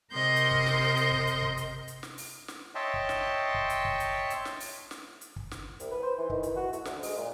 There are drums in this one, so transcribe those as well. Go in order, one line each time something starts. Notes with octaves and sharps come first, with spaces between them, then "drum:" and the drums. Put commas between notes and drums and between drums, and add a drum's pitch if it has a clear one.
C3 A#4 D#5 C6 G6
drum: hi-hat
drum: kick
drum: snare
drum: hi-hat
drum: kick
drum: hi-hat
drum: kick
drum: hi-hat
drum: hi-hat
drum: snare
drum: open hi-hat
drum: snare
C#5 D#5 E5 G5 A5 C6
drum: kick
drum: snare
drum: kick
drum: hi-hat
drum: kick
drum: hi-hat
drum: hi-hat
drum: snare
drum: open hi-hat
drum: snare
drum: hi-hat
drum: kick
drum: snare
C2, drum: hi-hat
B4
C5
E3
D#3, drum: kick
E3, drum: hi-hat
F#4
A3, drum: hi-hat
D2, drum: snare
G#3, drum: open hi-hat
A#2